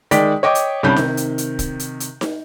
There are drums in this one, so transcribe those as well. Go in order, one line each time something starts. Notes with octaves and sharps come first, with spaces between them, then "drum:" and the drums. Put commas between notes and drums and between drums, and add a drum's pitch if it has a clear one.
D#3 G#3 D5 G5 B6, drum: hi-hat
C#5 D#5 G5 D6
drum: hi-hat
C2 G3 C#4 D4 B5 G6
C3 D#3, drum: snare D#4
drum: hi-hat
drum: hi-hat
drum: kick, hi-hat
drum: hi-hat
drum: hi-hat
drum: snare D#4